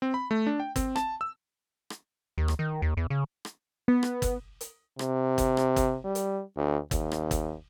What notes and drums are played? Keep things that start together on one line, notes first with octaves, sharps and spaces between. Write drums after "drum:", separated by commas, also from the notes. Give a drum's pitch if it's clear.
C4
B5
A3
D4
G5
C4, drum: kick G1, hi-hat
A5, drum: rim click
E6
drum: rim click
D#2
drum: rim click
D#3
D#2
E2
C#3
drum: rim click
B3
drum: rim click
drum: kick G1, hi-hat
drum: hi-hat
C3, drum: rim click
drum: kick G1, hi-hat
drum: rim click
drum: kick G1, hi-hat
G3
drum: hi-hat
D2
D#2, drum: kick G1, hi-hat
drum: rim click
drum: kick G1, hi-hat